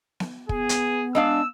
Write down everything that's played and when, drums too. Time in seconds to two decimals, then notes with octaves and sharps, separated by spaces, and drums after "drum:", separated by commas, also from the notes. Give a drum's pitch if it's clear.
0.20 drum: snare B3
0.49 B3 G#4, drum: kick
0.69 drum: hi-hat
1.15 G#3 D4 F5 E6